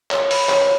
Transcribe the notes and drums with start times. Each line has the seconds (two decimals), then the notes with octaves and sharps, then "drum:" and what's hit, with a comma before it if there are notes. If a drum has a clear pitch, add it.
0.11 C#5, drum: clap
0.31 B5, drum: open hi-hat
0.49 C#5, drum: clap